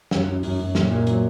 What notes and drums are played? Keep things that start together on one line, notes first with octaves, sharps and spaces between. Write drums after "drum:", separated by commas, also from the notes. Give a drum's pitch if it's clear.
F#2, drum: snare
F#2
F#2, drum: open hi-hat
F#2
A#2, drum: snare
A#2
F#3, drum: hi-hat